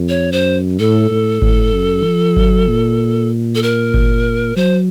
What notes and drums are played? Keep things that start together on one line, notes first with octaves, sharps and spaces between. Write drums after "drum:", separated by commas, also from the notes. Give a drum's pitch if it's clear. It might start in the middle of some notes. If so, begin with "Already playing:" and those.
Already playing: F2
C#5
F#2 C5
A2 A4
A2
A2, drum: kick G1
F#2
F3
F#3, drum: kick G1
A#2
A4
A#4
drum: kick G1
F#3 C5